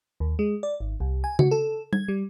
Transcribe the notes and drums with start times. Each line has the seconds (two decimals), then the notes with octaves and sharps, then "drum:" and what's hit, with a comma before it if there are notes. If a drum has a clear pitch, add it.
0.20 D#2
0.39 G#3
0.63 D5
0.80 G#1
1.00 C2
1.24 G#5
1.39 F#4, drum: tom C#3
1.51 A4
1.93 G#6, drum: tom G3
2.08 G3